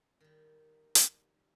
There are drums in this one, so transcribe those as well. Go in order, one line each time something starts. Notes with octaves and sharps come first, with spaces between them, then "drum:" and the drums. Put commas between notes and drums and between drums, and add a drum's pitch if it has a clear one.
D#3 G3
drum: hi-hat